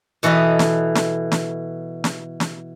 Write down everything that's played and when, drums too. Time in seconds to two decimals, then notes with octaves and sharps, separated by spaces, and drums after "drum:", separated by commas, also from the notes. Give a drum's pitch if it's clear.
0.23 B2 E3 A4 B4 D#5
0.59 drum: snare
0.95 drum: snare
1.32 drum: snare
2.04 drum: snare
2.40 drum: snare